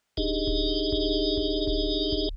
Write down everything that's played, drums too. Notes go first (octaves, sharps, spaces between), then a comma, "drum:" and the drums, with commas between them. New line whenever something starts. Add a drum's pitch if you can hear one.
D4 D#4 G4 G#4 D#5, drum: kick D1
drum: kick D1
drum: kick D1
drum: kick D1
drum: kick D1
drum: kick D1